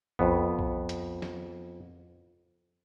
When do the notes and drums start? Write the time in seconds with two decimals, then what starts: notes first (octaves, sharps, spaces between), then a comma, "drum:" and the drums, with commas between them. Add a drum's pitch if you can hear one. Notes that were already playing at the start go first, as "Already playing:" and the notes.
0.19 F2 B3, drum: kick B1
0.59 drum: kick B1
0.89 drum: hi-hat
1.22 drum: snare